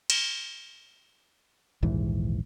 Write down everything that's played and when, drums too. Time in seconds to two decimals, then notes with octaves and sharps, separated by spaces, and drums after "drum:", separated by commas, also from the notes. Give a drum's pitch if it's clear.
0.10 drum: cymbal
1.83 A#1 D#2 G#2 E3